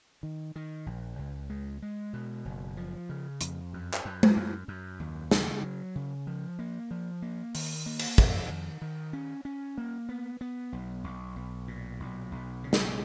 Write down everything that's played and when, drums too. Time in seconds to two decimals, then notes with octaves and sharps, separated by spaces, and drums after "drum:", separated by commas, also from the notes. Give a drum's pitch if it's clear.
0.23 D#3
0.56 D#3
0.86 A#1
1.19 C#2
1.50 G#3
1.82 G#3
2.13 B2
2.45 F#1
2.77 F3
3.09 C#3
3.41 F2, drum: hi-hat
3.73 F#2
3.93 drum: clap
4.05 F#2
4.23 drum: tom G#3
4.37 F#2
4.68 F#2
5.00 D#2
5.31 C#3, drum: snare
5.63 F#3
5.95 C#3
6.27 F3
6.59 A#3
6.91 F3
7.22 A#3
7.55 D#3, drum: open hi-hat
7.86 A#3
7.99 drum: cymbal
8.18 F2, drum: kick
8.50 D#3
8.82 D#3
9.13 C#4
9.45 C#4
9.78 A#3
10.09 B3
10.41 B3
10.72 B1
11.04 B1
11.36 B1
11.68 A#2
12.00 B1
12.32 B1
12.64 C#3
12.73 drum: snare